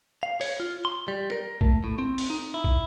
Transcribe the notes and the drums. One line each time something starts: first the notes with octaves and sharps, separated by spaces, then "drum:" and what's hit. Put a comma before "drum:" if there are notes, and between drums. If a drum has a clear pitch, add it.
F5
C#5, drum: open hi-hat
F4
C6
G3
A#4
A3, drum: kick
A2
C4
drum: open hi-hat
D#4
E4
drum: kick